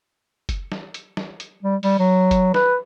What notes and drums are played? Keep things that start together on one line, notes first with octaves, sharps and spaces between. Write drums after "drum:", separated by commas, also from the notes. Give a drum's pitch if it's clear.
drum: kick F#1, hi-hat
drum: snare
drum: hi-hat
drum: snare
drum: hi-hat
G3
G3, drum: open hi-hat
F#3
drum: kick F#1, hi-hat
B4, drum: snare